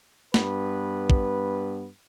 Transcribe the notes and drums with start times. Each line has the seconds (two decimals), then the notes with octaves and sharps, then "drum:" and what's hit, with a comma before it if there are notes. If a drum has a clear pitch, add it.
0.34 G2 B3 B4, drum: snare
1.10 drum: kick